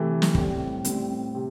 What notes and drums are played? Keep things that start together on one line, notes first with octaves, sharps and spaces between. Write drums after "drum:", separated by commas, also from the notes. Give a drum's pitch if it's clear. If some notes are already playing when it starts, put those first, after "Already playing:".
Already playing: C3 E3 A3
drum: snare
A2 G3 C4, drum: kick
A2 G3 C4, drum: hi-hat
C3